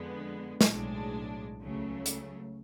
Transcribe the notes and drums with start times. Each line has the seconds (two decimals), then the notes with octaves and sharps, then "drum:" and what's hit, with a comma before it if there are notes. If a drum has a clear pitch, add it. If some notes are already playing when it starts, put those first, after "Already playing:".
Already playing: F2 D3 G#3 B3
0.61 drum: snare
0.70 B1 A2 G#3 D4
1.61 C#2 C#3 F#3 A3
2.06 drum: hi-hat